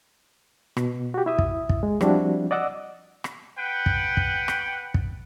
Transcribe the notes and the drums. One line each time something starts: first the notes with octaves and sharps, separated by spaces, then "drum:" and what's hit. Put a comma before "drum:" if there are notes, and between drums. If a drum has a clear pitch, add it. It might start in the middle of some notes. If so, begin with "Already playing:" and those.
B2, drum: rim click
F#4 G4
E4 E5 D#6
drum: kick
drum: kick
G#3
F3 G3 C4 D4 E4 F#4, drum: rim click
D5 D#5 F#5 D6 E6
drum: rim click
B4 F#5 G5
drum: kick
drum: kick
drum: rim click
drum: kick